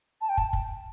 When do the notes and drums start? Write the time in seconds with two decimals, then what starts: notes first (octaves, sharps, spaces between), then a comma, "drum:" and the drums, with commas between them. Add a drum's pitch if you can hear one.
0.21 A5
0.29 G5
0.38 A5, drum: kick
0.53 drum: kick